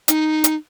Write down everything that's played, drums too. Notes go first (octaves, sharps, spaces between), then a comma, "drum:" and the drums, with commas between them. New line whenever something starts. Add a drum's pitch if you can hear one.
D#4, drum: hi-hat
drum: hi-hat